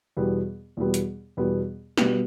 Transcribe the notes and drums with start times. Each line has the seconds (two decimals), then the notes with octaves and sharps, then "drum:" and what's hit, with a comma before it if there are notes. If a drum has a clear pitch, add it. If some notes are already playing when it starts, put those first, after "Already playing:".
0.17 E2 B2 G3 B3
0.77 E2 B2 G3 B3
0.94 drum: hi-hat
1.37 E2 B2 G3 B3
1.97 B2 G3 B3, drum: snare